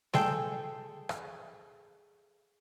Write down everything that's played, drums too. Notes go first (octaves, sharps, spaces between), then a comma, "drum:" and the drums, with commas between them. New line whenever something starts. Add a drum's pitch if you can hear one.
G#4 A4 G5, drum: snare G3
drum: rim click